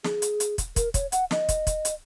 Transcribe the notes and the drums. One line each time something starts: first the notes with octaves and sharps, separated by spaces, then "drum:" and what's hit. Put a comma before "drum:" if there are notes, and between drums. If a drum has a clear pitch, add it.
G#4, drum: snare
drum: hi-hat
drum: hi-hat
drum: kick, hi-hat
A#4, drum: kick, hi-hat
C#5, drum: kick, hi-hat
F#5, drum: hi-hat
D#5, drum: snare
drum: kick, hi-hat
drum: kick, hi-hat
drum: hi-hat